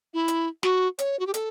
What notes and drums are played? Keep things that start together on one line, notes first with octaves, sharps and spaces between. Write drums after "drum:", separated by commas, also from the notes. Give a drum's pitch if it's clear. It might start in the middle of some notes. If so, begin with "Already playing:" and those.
E4
drum: hi-hat
F#4, drum: snare
C#5, drum: hi-hat
F#4
G4
A4, drum: hi-hat